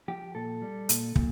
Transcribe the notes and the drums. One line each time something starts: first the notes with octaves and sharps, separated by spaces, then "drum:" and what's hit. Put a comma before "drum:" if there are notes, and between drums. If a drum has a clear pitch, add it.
F3 G4
A#2 A4
G3
A#2, drum: hi-hat
A#2, drum: kick